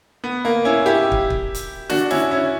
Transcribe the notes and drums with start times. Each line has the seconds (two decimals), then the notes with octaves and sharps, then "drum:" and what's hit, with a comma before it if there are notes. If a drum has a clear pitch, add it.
0.24 B3
0.45 A#3
0.65 C#4 E4
0.86 E4 G4
1.12 drum: kick
1.30 drum: kick
1.55 drum: hi-hat
1.90 D4 F#4, drum: snare
2.10 C#4 E4, drum: snare
2.31 C#4 E4